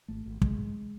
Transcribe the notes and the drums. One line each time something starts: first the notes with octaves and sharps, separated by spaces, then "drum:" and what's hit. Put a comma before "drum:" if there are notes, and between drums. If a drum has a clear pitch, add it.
G#1 A3
G#1
G#1 G#3, drum: kick
G#2